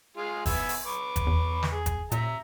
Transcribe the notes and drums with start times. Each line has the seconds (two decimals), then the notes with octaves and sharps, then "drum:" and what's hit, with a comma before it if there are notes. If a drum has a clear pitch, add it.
0.17 G#3 F4 G#4
0.46 B3 E5 G#5, drum: kick, open hi-hat
0.69 drum: open hi-hat
0.86 B4 C#6 D6
1.16 drum: kick, hi-hat
1.27 E2
1.63 drum: snare
1.72 G#4
1.86 drum: kick, hi-hat
2.12 A#2 E5 A#5, drum: hi-hat